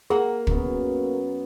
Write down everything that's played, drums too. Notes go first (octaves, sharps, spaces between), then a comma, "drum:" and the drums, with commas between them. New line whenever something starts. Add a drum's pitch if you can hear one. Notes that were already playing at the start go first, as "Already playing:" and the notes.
A#3 G#4 A#4 F#5
F#2 B3, drum: kick